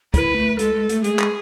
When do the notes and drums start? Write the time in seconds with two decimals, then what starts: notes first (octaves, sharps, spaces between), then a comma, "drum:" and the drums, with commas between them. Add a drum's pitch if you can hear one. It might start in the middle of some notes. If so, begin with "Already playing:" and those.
0.14 E4 B4, drum: kick, hi-hat
0.36 A3
0.59 G#3 A4, drum: hi-hat
0.74 G#3
0.89 A3, drum: hi-hat
1.04 G#3 G#4, drum: hi-hat
1.12 A3
1.19 G#3, drum: clap